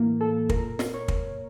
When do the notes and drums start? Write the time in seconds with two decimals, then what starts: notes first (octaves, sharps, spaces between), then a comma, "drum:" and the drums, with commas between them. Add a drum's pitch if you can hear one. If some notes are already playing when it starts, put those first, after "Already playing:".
Already playing: A2 E3 A#3
0.21 A4
0.49 A#2 A#4, drum: kick
0.79 drum: snare
0.94 C#5
1.08 drum: kick